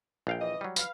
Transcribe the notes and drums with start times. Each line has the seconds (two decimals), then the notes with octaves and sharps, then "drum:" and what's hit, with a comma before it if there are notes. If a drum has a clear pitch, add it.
0.27 A#1 F5 G5
0.39 E3 D#5
0.61 F#3 G3
0.76 B4 F5, drum: tambourine